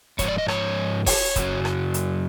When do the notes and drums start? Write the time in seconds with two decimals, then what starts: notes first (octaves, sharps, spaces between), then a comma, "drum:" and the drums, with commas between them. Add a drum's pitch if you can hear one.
0.19 G#2 F3 C#5, drum: kick, hi-hat
0.28 D5
0.38 D#5
0.48 C#5, drum: rim click
1.06 C#5, drum: kick, open hi-hat
1.36 F#2 C#3 F#3, drum: kick, hi-hat
1.65 drum: rim click
1.94 drum: hi-hat